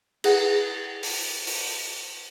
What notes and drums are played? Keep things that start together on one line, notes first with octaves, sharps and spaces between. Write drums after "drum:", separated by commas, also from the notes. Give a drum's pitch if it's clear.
E4 G#4 B4 F#5, drum: cymbal
drum: open hi-hat
drum: open hi-hat